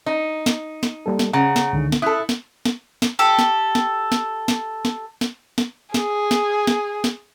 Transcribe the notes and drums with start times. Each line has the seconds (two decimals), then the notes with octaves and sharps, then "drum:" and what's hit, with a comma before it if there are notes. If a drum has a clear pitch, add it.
0.06 D#4
0.46 drum: snare
0.83 drum: snare
1.06 G3 A#3 A4
1.19 drum: snare
1.33 C#3 F#5 A#5
1.56 drum: snare
1.73 C#2 D3 D#3
1.92 drum: snare
2.02 E4 A4 D#6 F#6
2.29 drum: snare
2.65 drum: snare
3.02 drum: snare
3.19 G4 A4 D6
3.39 drum: snare
3.75 drum: snare
4.12 drum: snare
4.48 drum: snare
4.85 drum: snare
5.21 drum: snare
5.58 drum: snare
5.94 G#4, drum: snare
6.31 drum: snare
6.67 drum: snare
7.04 drum: snare